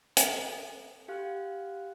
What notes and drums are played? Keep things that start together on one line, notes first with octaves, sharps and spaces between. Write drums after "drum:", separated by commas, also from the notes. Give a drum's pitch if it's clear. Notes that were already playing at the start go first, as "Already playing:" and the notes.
A4, drum: hi-hat
F#4 G4 F5 F#6